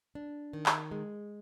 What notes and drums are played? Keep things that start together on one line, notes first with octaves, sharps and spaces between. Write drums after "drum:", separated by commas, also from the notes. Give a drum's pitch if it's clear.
D4
D#3
drum: clap
G#3